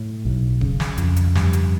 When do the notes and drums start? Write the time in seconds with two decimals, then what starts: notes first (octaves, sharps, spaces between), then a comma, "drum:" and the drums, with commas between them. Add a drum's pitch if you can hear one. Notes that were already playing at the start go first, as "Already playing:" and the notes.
Already playing: A2
0.25 B1
0.61 C#3, drum: kick D1
0.80 drum: snare
0.98 F2, drum: hi-hat
1.16 drum: hi-hat
1.35 G2, drum: snare
1.53 drum: hi-hat